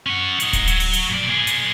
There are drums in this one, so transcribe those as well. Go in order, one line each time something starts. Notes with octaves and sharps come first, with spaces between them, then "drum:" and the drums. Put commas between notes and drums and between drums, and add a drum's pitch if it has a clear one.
C#4 F#5
D#4 F#5, drum: hi-hat
drum: kick D1, hi-hat
F#3, drum: hi-hat
drum: open hi-hat
drum: hi-hat
A#2 D5
A#2 G#4
drum: hi-hat